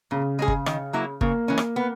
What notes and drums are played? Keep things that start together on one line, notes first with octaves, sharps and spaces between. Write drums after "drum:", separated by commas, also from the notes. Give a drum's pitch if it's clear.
A#2 C#3
G#3 C#4 G#4
drum: kick G1
D#3, drum: rim click
F#3 A#3 E4
C#3 A#3, drum: kick G1
E3 G#3 C#4
drum: rim click
B3